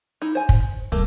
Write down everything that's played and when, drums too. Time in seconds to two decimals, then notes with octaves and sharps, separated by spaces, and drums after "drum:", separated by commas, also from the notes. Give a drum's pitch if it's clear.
0.22 D#4 E4
0.35 C5 G#5
0.49 drum: kick
0.92 E1 G3 A3 A#3